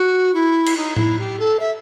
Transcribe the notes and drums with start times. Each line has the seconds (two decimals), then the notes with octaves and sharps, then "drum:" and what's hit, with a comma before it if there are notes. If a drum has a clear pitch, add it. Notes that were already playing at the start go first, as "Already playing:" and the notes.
Already playing: F#4
0.34 E4
0.66 drum: cymbal
0.76 D#4
0.96 E4, drum: tom A2
1.18 G4
1.39 A4
1.59 E5